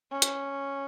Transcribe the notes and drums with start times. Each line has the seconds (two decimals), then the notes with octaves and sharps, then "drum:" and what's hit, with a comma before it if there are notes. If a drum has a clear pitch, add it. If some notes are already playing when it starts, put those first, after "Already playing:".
0.11 C#4
0.22 drum: hi-hat